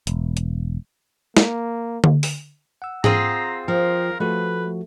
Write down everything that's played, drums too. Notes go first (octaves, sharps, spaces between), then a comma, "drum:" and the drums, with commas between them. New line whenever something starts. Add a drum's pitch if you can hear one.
E1, drum: hi-hat
drum: hi-hat
A#3, drum: snare
drum: tom D3
drum: open hi-hat
F#5 E6
C4 F4 G#4 A#5, drum: tom G#2
F3 A#4 G5
F3 A3 F#4 B4